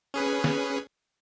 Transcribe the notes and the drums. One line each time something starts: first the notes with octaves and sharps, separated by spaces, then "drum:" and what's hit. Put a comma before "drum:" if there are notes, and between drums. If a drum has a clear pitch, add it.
C#4 G#4 B4
drum: snare